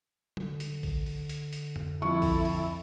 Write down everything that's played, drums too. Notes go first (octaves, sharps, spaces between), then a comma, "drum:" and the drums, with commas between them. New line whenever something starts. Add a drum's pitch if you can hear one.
D3, drum: tom
drum: hi-hat
drum: kick A1, open hi-hat
drum: open hi-hat
drum: hi-hat
drum: hi-hat
drum: tom F2
F2 E4 A4 C#6
drum: kick A1, open hi-hat
drum: open hi-hat